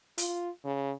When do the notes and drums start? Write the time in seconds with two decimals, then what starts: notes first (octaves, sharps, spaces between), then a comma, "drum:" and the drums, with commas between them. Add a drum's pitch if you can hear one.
0.18 F4, drum: hi-hat
0.65 C#3